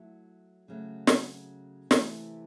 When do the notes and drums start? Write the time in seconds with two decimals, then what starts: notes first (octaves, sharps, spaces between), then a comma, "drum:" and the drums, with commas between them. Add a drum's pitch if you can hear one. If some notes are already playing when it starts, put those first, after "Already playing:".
Already playing: F#3 A3 E4
0.68 C#3 F#3 A3
1.07 drum: snare
1.91 C3 E3 A3 C4 E4, drum: snare